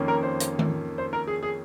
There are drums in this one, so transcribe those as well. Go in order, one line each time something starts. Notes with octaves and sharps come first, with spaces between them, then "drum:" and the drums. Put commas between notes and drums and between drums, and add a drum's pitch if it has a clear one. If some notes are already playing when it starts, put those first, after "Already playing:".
Already playing: F2 D#3 A#3 C#4
A#4
C5
drum: hi-hat
drum: tom D#3
C5
A#4
G#4
G#4